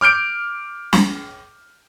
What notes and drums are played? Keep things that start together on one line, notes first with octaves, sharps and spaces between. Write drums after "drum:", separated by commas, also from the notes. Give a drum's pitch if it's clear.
D6 F6 G6 D7
drum: snare